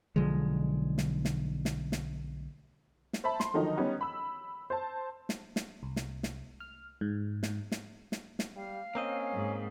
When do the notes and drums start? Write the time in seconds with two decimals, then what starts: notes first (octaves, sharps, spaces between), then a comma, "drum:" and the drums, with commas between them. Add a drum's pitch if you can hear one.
0.16 B1 D3 F3 G#3
0.98 drum: snare
1.25 drum: snare
1.65 drum: snare
1.92 drum: snare
3.13 drum: snare
3.24 C5 E5 A5 B5
3.40 C6, drum: snare
3.54 D3 D#3 F3 F#3 D#4
3.77 G3 B3 C#4 D#4
4.01 B5 E6
4.70 C5 A5
5.29 drum: snare
5.56 drum: snare
5.83 C2
5.96 drum: snare
6.23 drum: snare
6.60 F6
7.01 G#2
7.43 G#2, drum: snare
7.72 drum: snare
8.12 drum: snare
8.39 drum: snare
8.56 G3 F5
8.95 A#3 C4 C#4 D#5
9.33 G#2